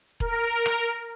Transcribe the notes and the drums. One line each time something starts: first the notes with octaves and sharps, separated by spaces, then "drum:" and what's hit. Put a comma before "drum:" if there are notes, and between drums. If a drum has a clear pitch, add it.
A#4, drum: kick E1
drum: rim click